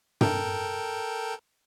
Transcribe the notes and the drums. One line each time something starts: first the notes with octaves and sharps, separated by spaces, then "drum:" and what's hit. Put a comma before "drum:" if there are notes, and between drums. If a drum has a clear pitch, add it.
A4 A#4 G5, drum: tom